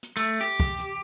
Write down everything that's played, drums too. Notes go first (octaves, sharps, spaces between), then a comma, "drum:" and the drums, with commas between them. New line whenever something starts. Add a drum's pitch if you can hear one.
drum: hi-hat
A3
G4, drum: hi-hat
drum: kick
drum: hi-hat